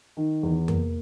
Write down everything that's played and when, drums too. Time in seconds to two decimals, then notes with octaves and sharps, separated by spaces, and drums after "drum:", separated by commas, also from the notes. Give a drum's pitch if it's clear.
0.17 D#3
0.43 E2
0.68 A#3, drum: tom F2